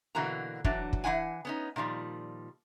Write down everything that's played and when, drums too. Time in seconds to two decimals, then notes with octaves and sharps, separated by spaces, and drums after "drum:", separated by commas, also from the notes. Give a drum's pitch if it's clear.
0.15 B2 D3 E3 A#3 F#4 A#5
0.64 E3 F#3 D4, drum: kick
0.93 drum: kick
1.04 E3 A3 E4 F#5 G#5
1.45 B3 C#4 D#4
1.76 A#2 D#3 F3 G3